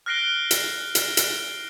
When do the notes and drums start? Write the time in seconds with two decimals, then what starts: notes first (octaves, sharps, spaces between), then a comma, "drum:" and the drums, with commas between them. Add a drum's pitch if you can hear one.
0.06 F6 F#6 A#6 C7 D7 G7
0.51 drum: hi-hat
0.95 drum: hi-hat
1.17 drum: hi-hat